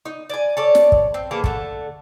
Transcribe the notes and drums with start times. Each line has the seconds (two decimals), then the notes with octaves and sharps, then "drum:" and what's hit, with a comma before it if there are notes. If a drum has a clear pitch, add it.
0.05 D#4
0.30 D5 G#5
0.57 A4 C#5 D5
0.75 drum: snare
0.92 drum: kick
1.14 C4
1.31 E3 A#3 G#4 A4
1.44 D3 A3, drum: kick